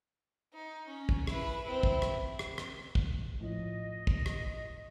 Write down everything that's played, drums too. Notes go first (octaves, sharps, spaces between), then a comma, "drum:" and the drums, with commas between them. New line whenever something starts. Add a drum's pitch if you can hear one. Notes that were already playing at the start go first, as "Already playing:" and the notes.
D#4
C#4
drum: kick
E4 B4, drum: rim click
C4 E4
drum: kick
drum: rim click
drum: rim click
drum: rim click
drum: kick
A2 F3 D#5
drum: kick
drum: rim click